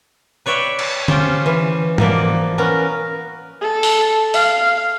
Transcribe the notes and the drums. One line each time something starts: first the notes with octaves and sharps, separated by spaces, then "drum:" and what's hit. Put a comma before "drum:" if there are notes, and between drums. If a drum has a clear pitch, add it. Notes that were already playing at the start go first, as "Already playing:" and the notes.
B4 C#5 D5 E5 G5
drum: cymbal
C#4 F4 G4 C5, drum: tom D3
E3
B2 E3 F3 A#3 D5, drum: tom G#2
B3 C#4 A#4
A4
drum: open hi-hat
F5, drum: open hi-hat